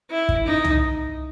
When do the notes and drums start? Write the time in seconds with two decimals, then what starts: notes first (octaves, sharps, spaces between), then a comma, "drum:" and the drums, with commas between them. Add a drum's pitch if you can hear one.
0.10 E4
0.29 drum: kick
0.46 D#4
0.64 drum: tom